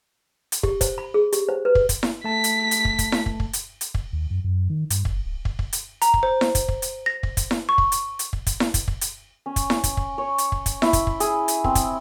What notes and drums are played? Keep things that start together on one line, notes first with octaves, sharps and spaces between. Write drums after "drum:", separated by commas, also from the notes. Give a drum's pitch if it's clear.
drum: hi-hat
G4, drum: kick
C5, drum: kick, hi-hat
B5
G#4
G4, drum: hi-hat
C5
B4
drum: kick
drum: kick, hi-hat
drum: snare E4
A3 A5 B6
drum: hi-hat
drum: hi-hat
drum: kick
drum: kick, hi-hat
drum: snare E4
drum: kick
drum: kick
drum: hi-hat
drum: hi-hat
drum: kick
D#2
F#2
F#2
D#3
G2, drum: hi-hat
F#1, drum: kick
D1
drum: kick
drum: kick
drum: hi-hat
A#5, drum: hi-hat
drum: kick
C5
drum: snare E4
drum: kick, hi-hat
drum: kick
drum: hi-hat
A#6
drum: kick
drum: kick, hi-hat
drum: snare E4
C#6
drum: kick
drum: hi-hat
drum: hi-hat
drum: kick
drum: kick, hi-hat
drum: snare E4
drum: kick, hi-hat
drum: kick
drum: hi-hat
C#4
drum: kick, hi-hat
drum: snare E4
drum: kick, hi-hat
drum: kick
C#5
drum: hi-hat
drum: kick
drum: kick, hi-hat
E4, drum: snare E4
drum: kick, hi-hat
drum: kick
G#4, drum: hi-hat
drum: hi-hat
C4, drum: kick
drum: kick, hi-hat